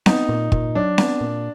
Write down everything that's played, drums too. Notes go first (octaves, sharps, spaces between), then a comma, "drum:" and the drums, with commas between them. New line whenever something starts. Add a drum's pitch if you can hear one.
B3 D#4, drum: snare C4
A#2
A#2, drum: kick
F#3 D4
B3, drum: snare C4
A#2